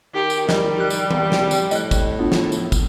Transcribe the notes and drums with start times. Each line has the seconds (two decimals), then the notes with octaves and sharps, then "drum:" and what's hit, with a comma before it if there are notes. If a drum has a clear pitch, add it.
0.15 D#3 G4
0.30 drum: tambourine
0.49 G3 D#5, drum: snare
0.78 G4 F#6
0.90 drum: tambourine
1.11 drum: tom D#3
1.32 C3, drum: snare
1.51 drum: tambourine
1.71 A2 D#5 F#6, drum: tambourine
1.91 drum: kick, tambourine
2.19 B3 D4 F4
2.32 drum: snare
2.52 drum: tambourine
2.72 drum: kick, tambourine